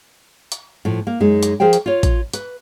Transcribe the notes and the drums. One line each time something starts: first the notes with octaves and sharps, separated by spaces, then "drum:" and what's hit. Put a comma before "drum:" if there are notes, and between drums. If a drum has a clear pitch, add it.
drum: hi-hat
A2 F3
A#3
F#2 G#3 D#4
drum: hi-hat
F3 G#4 A#4 C5 G5
drum: hi-hat
F4 C#5
drum: kick, hi-hat
B4, drum: hi-hat